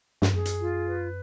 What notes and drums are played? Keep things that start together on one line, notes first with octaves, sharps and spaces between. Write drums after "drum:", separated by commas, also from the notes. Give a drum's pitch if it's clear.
G2, drum: snare
F#2 G#4
drum: hi-hat
F4
B4